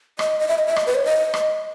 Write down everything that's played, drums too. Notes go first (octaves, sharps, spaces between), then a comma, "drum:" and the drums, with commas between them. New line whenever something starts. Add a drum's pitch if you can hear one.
D#5, drum: rim click
D#5
E5
D#5
E5
D#5, drum: rim click
B4
C#5
D#5
drum: rim click